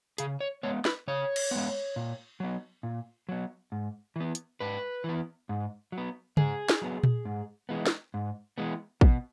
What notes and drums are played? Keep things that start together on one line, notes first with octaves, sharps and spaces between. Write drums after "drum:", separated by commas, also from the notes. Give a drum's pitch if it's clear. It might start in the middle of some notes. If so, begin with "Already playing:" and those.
C#3 G#4, drum: hi-hat
C#5
G#3 B3 C#5
B4, drum: snare
C#3 C#5
drum: cymbal
G#3 B3
A#2
F#3 B3
A#2
F#3 B3
G#2
E3 B3
drum: hi-hat
G#2 B4
E3 B3
G#2
F#3
B3
G#2 G#4, drum: tom C#3
drum: snare
F#3 B3
drum: tom A#2
G#2
E3 G#3 B3
drum: snare
G#2
E3 G#3 B3
B2, drum: kick